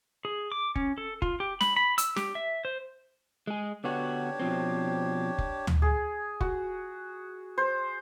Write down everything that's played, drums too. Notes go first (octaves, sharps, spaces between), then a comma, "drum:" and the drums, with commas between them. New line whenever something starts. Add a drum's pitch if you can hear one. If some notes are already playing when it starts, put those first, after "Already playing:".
G#4
D6
C#4, drum: kick F1
A4
F4, drum: kick F1
G4
B5, drum: snare
B5
E6, drum: hi-hat
G4, drum: snare
E5
C5
G#3 G#4
D3 B3 D4 F#4 G4 C#5
B2 F3 C4
drum: kick F1
drum: tom
G#4
F#4, drum: kick F1
C5